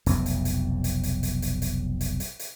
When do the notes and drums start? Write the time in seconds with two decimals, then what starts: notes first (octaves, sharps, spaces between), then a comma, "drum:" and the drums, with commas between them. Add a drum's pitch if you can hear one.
0.06 F1 B1 F2, drum: hi-hat
0.26 drum: hi-hat
0.45 drum: hi-hat
0.84 drum: hi-hat
1.03 drum: hi-hat
1.23 drum: hi-hat
1.42 drum: hi-hat
1.62 drum: hi-hat
2.01 drum: hi-hat
2.20 drum: hi-hat
2.39 drum: hi-hat